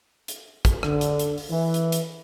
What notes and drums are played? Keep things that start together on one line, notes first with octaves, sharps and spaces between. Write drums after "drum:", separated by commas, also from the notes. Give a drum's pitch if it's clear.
drum: hi-hat
drum: kick, hi-hat
D3, drum: rim click
drum: hi-hat
drum: hi-hat
drum: open hi-hat
E3
drum: hi-hat
drum: hi-hat